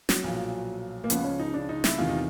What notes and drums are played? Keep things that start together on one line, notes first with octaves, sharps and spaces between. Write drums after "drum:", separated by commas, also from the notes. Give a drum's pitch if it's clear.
F#3, drum: snare
B1 A#2 F3
A#3
C#2 C#3 F3 B3, drum: hi-hat
C#4
D#4
D4
D#4
E4, drum: snare
E2 C3 D#3 F4
D#4